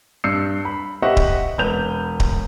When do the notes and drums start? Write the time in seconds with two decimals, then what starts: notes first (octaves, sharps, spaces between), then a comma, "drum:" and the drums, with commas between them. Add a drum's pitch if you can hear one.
0.24 G2 E6 G6 C7 C#7
0.65 B5
1.02 G4 C5 D#5 E5 F#5 C#6
1.17 drum: kick D1
1.58 E1 B4 G6 F7
2.20 drum: kick D1